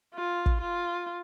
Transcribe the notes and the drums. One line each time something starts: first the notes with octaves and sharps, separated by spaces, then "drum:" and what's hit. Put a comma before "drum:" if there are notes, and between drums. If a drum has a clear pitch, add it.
F4
drum: kick
F4